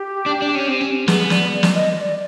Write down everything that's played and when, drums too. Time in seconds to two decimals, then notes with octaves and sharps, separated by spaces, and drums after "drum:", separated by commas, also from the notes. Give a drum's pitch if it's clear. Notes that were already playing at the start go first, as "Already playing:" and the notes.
Already playing: G4
0.26 D4
0.42 D4
0.55 C#4
0.68 C4
0.81 C#4
1.08 B3 G#4, drum: snare
1.30 D5, drum: snare
1.52 D5
1.63 drum: snare
1.73 D#5
1.96 D5